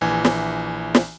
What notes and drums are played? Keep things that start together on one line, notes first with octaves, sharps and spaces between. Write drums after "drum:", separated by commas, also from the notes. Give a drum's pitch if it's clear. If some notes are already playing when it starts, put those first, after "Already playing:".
A#1 E3 G#5
drum: snare
drum: snare